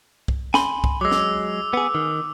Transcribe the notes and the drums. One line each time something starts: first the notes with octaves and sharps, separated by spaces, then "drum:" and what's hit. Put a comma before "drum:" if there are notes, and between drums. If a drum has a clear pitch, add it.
drum: kick
G#5 B5 C6, drum: snare
drum: kick
F#3 G#3 D6 E6
drum: snare
B3 G#4
D#3